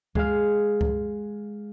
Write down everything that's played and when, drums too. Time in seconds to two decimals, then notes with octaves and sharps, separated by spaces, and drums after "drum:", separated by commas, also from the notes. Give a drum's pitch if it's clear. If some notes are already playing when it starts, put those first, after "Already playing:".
0.15 G#3 F5, drum: kick C#2
0.81 drum: kick C#2